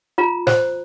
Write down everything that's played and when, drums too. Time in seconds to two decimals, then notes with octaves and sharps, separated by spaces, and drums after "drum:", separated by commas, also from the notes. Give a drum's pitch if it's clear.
0.18 F4 A#5
0.47 C5, drum: snare